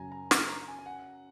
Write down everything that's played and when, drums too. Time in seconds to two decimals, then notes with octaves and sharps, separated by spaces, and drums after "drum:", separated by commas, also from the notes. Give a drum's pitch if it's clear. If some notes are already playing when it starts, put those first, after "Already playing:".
Already playing: F#2 C#3 F#3 G#5 A#5
0.12 A#5
0.31 A#5, drum: snare
0.49 A#5
0.68 G#5
0.79 G#5
0.86 F#5